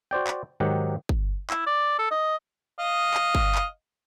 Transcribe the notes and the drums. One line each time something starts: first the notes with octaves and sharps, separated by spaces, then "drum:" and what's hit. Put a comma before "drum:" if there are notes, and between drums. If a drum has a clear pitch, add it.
F#4 C5 D5 G5
drum: clap
G#2 D#3 F#3 G4 F#5
drum: kick G1
E4, drum: clap
D5
A4
D#5
D#5 F5
drum: clap
drum: kick G1
drum: clap